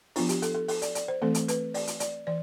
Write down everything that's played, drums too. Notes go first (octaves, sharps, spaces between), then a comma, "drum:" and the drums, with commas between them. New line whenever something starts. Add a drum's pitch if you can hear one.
F3 B3 D4 F4, drum: open hi-hat
G4, drum: hi-hat
A4, drum: hi-hat
A4
A4, drum: open hi-hat
D5, drum: hi-hat
D5, drum: hi-hat
C5
E3 A3 C4 A4
drum: hi-hat
B4, drum: hi-hat
D5, drum: open hi-hat
drum: hi-hat
D5, drum: hi-hat
E3 D5